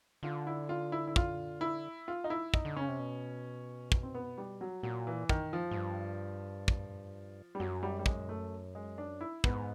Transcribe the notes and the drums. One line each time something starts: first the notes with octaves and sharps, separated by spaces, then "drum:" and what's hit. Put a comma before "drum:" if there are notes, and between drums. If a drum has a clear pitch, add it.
D3 F4
E4
F4
E4
E4
F4, drum: kick
E4
F4
D#4
E4
D#4, drum: kick
D3
C#3 C#4
C3
B2
drum: kick
C4
B3
G3
F#3
A#2 F#3
E3
D#3, drum: kick
F3
G#2
G2
drum: kick
G3
F#2 F#3
G3
G3
G#3, drum: kick
A3
G#3
D4
E4
G#2 B3, drum: kick